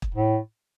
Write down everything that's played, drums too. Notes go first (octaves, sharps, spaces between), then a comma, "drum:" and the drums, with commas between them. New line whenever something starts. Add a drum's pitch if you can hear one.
drum: kick
A2